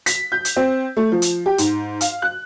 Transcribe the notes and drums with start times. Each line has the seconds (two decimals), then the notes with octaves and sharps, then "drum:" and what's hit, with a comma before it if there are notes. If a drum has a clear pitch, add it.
0.06 B6, drum: hi-hat
0.32 G6
0.45 drum: hi-hat
0.56 C4
0.97 A3
1.12 F3
1.22 drum: hi-hat
1.46 G4
1.58 G#2, drum: hi-hat
2.01 F5, drum: hi-hat
2.22 F#6